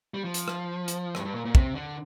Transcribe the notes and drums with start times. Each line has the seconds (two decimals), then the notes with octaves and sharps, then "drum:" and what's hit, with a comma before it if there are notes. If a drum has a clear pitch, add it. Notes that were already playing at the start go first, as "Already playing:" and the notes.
0.14 G3
0.24 F3
0.34 drum: hi-hat
0.48 drum: rim click
0.88 drum: hi-hat
1.15 G2, drum: rim click
1.25 G2
1.35 A#2
1.45 A#2
1.55 C3, drum: kick
1.75 D3